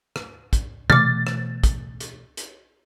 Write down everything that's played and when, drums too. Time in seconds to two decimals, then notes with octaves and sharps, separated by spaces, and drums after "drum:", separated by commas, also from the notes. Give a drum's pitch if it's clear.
0.16 drum: rim click
0.53 drum: kick, hi-hat
0.90 B2 E3 A3 D6 F6 A6, drum: tom C3
1.27 drum: rim click
1.64 drum: kick, hi-hat
2.00 drum: hi-hat
2.37 drum: hi-hat